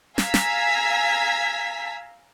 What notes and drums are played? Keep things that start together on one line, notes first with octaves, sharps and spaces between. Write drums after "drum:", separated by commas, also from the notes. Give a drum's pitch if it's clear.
F5 G#5 A#5 E6 G#6 B6, drum: snare
drum: snare